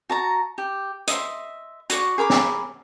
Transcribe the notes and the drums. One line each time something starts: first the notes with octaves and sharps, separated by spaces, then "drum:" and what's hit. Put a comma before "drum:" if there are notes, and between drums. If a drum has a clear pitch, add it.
F#4 A5 A#5
G4
D#5 E5 C6, drum: hi-hat
F#4 D5 C#6, drum: hi-hat
G#4 A#4 B5 D6
drum: snare